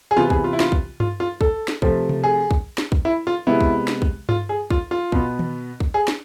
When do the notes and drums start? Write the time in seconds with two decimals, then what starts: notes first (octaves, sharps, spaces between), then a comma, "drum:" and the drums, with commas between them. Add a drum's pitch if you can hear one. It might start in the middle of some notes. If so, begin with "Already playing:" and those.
0.11 G#4
0.17 C3 E3 B3 F4
0.30 G#4, drum: kick
0.44 F4
0.53 E4
0.60 F4, drum: snare
0.72 drum: kick
1.00 F4, drum: tom G2
1.20 F4
1.41 A4, drum: kick
1.68 drum: snare
1.82 C3 F3 A3, drum: kick
2.09 drum: tom C3
2.24 G#4
2.51 drum: kick
2.78 drum: snare
2.92 drum: kick
3.05 E4
3.27 F4
3.47 C3 G#3 B3 E4
3.61 drum: kick
3.88 drum: snare
4.02 drum: kick
4.29 F4, drum: tom G2
4.49 G#4
4.70 F4, drum: kick
4.91 F4
5.12 B2 B3, drum: kick
5.39 drum: tom D#3
5.80 drum: kick
5.94 G#4
6.08 drum: snare